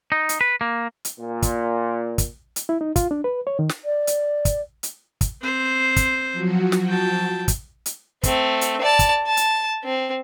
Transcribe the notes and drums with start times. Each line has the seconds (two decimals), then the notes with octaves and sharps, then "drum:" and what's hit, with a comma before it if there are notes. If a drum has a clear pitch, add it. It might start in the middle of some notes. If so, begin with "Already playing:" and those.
0.12 D#4
0.29 drum: hi-hat
0.41 B4
0.61 A#3
1.05 drum: hi-hat
1.20 A#2
1.42 drum: kick, hi-hat
2.18 drum: kick, hi-hat
2.56 drum: hi-hat
2.69 E4
2.81 D#4
2.96 F4, drum: kick, hi-hat
3.11 D4
3.24 B4
3.47 C#5
3.59 D#3
3.69 drum: snare
3.85 D5
4.07 drum: hi-hat
4.45 drum: kick, hi-hat
4.83 drum: hi-hat
5.21 drum: kick, hi-hat
5.41 C4 C5
5.96 drum: kick, hi-hat
6.32 F3 F#3 F#4
6.72 drum: snare
6.88 G5 A5
7.48 drum: kick, hi-hat
7.86 drum: hi-hat
8.23 A3 C4, drum: kick, hi-hat
8.61 drum: hi-hat
8.81 D5 A5
8.99 drum: kick, hi-hat
9.27 A5
9.37 drum: hi-hat
9.84 C4